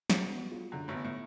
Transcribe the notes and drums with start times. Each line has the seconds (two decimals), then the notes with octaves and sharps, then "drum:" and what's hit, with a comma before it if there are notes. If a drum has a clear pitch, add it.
0.10 F#3, drum: snare
0.30 B3
0.52 F4
0.72 F#2 D3
0.88 A1 A2
0.94 B3
1.04 A2